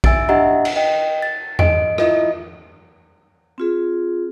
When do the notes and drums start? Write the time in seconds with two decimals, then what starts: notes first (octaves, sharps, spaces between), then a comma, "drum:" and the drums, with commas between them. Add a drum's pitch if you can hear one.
0.04 E5 G#5 E6 A6 D7, drum: kick A#1
0.29 D4 G4 D#5 E5 F#5 A#5
0.65 drum: cymbal
0.76 D#5 G5
1.22 A6
1.59 D#5 D7, drum: tom E2
1.98 E4 F4 D#5 E5, drum: rim click
3.58 C4 F4 G#4